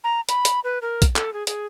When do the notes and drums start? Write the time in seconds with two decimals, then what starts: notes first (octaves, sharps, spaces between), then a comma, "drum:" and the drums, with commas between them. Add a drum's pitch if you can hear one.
0.04 A#5
0.29 B5, drum: hi-hat
0.45 drum: hi-hat
0.64 B4
0.82 A#4
1.02 drum: kick A#1, hi-hat
1.16 A4, drum: clap
1.33 G#4
1.47 G#4, drum: hi-hat